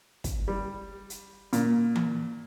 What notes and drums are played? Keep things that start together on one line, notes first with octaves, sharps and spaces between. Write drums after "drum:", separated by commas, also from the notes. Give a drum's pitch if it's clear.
drum: kick, hi-hat
G3
drum: hi-hat
A#2, drum: hi-hat
drum: tom E3